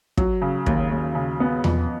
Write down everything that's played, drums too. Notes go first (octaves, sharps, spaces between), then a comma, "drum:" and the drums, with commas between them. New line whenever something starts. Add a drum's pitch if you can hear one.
F#3, drum: kick
C#3
D#2, drum: kick
D#2
C#3
B3
F2, drum: tom E2